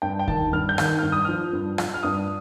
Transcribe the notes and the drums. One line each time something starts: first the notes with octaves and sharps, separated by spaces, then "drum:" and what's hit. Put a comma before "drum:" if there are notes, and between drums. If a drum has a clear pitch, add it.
G2 G5
G5
D#3 A5, drum: kick D#2
G2 F6
G6
D#3, drum: rim click
G6
G2 F6
D#6
F3 F6
G2
F3, drum: rim click
F6
G2 D#6